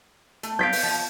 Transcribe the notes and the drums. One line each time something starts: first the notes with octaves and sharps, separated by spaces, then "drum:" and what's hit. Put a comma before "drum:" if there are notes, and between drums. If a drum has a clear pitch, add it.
A3, drum: hi-hat
B3 F5 G6 B6 D7
drum: open hi-hat
F3